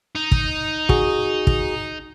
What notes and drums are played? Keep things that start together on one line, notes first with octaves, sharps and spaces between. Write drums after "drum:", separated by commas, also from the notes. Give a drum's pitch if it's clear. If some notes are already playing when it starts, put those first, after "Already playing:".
D#4
drum: kick
F#4 G#4, drum: kick
drum: kick